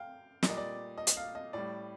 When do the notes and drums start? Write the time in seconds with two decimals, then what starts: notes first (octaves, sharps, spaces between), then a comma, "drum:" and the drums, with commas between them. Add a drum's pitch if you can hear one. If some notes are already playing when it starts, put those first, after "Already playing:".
Already playing: F5 G5
0.43 A#2 G3 D5, drum: snare
0.50 D#5
0.57 D5
0.98 D#5
1.07 drum: hi-hat
1.17 F5
1.35 D#5
1.53 A2 G3 D5